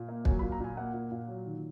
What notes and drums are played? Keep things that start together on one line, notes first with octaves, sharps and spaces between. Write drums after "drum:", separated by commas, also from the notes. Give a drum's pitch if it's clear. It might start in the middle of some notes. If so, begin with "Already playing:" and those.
Already playing: A#2
A#3
F#3 G#5, drum: kick
B5
A#2
A#5
A#2 G#5
A#3 F#5
A#2
A#2
F#3
D#3